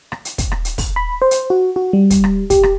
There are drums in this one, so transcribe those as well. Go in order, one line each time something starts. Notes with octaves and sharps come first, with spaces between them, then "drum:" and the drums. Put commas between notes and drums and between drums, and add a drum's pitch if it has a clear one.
drum: rim click
drum: hi-hat
drum: kick, hi-hat
drum: rim click
drum: hi-hat
drum: kick, open hi-hat
B5
C5
drum: hi-hat
F#4
F#4
G3
drum: kick, hi-hat
drum: rim click
G4, drum: kick, hi-hat
drum: rim click